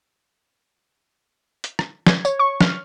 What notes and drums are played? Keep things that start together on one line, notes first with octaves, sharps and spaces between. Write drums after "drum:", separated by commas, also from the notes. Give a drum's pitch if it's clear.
drum: hi-hat
drum: rim click
G#6, drum: snare
C#5, drum: tambourine
C#6
F6, drum: snare